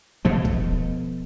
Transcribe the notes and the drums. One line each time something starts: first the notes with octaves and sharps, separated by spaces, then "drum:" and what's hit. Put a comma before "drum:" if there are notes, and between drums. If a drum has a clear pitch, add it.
B2 F3 A3
drum: kick